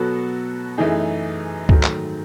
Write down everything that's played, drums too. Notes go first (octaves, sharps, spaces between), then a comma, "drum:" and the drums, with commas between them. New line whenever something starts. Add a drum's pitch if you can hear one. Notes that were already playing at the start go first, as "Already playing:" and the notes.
Already playing: B2 F#3 B3 F#4 A4
F#2 E3 A3 D#4 G#4
G#2 D#3 F#3 A3, drum: kick C#2
drum: clap